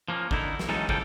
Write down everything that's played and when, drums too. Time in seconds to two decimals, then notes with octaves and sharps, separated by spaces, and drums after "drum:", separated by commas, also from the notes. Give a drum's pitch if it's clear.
0.08 F3 A#3 C#4
0.31 D3 D#4 E4, drum: kick
0.59 drum: snare
0.69 E3 F#3 G#3 C#4 D#4 A4
0.89 C#2 C#3 F3 A#3 A4 G5, drum: kick